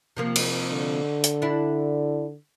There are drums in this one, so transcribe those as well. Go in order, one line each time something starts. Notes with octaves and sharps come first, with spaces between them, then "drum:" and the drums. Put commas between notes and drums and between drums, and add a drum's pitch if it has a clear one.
C3 F3 A#3
drum: cymbal
D3
drum: hi-hat
D4 E4